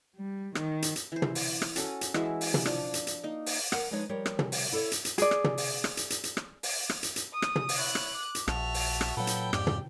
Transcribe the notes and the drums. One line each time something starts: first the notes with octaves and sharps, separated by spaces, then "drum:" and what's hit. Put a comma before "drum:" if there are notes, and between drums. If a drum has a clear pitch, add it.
G3
D#3, drum: rim click
drum: hi-hat
drum: hi-hat
E3 C5
drum: tom
drum: open hi-hat
drum: rim click
C#4 F#4 A4, drum: hi-hat
drum: hi-hat
E3 G#3 F#4 E5, drum: rim click
drum: open hi-hat
drum: tom
F3 D4, drum: rim click
drum: hi-hat
drum: hi-hat
A#3 D#4
drum: open hi-hat
A#4 F5 F#5, drum: rim click
F3 G#3 D4 D#4 B4 C#5
F3 G3 G4 A#4 C#5
drum: rim click
drum: tom
drum: open hi-hat
E4 A4 A#4 C#5 E5
drum: hi-hat
drum: hi-hat
G#4 D5, drum: hi-hat
drum: rim click
drum: tom
drum: open hi-hat
drum: rim click
drum: hi-hat
drum: hi-hat
drum: hi-hat
drum: rim click
drum: open hi-hat
drum: rim click
drum: hi-hat
drum: hi-hat
D#6
drum: rim click
drum: tom
drum: open hi-hat
E4 C#5 F#6
drum: rim click
D6
drum: hi-hat
A#1 F#4 E5 A5 F7, drum: rim click
drum: open hi-hat
drum: rim click
A#2 F#3 A4 B4 F#5 G5 G6
drum: hi-hat
F2 G#2 G4 D5, drum: rim click
drum: tom